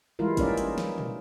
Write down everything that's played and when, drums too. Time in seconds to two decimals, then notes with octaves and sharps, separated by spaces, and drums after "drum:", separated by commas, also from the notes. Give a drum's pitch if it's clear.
0.19 E3 G3 G#3 E4 F4 A#4
0.37 A#3 C#4 D#4 A#4 D5 E5, drum: kick, hi-hat
0.57 drum: hi-hat
0.78 drum: snare
0.98 drum: tom